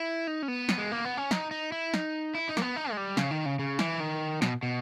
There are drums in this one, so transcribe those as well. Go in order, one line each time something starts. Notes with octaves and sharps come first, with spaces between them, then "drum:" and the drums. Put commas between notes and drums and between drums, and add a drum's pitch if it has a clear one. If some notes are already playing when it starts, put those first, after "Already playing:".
Already playing: E4
D#4
C#4
B3
drum: snare
G#3
A#3
B3
C#4
D#4, drum: snare
D#4
E4
D#4, drum: snare
E4
D#4
A#3, drum: snare
B3
D#4
G#3
G3
C#3, drum: snare
D#3
C#3
C#3
E3, drum: snare
D#3
B2, drum: snare
B2